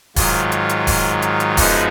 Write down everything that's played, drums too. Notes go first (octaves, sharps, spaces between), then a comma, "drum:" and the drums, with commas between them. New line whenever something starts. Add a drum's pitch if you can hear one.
G#2 D#3 F#3 F4, drum: kick D#1, open hi-hat
drum: hi-hat
drum: hi-hat
drum: kick D#1, open hi-hat
drum: hi-hat
drum: hi-hat
F#2 F3 G#3 B3 D#4 F#4, drum: kick D#1, open hi-hat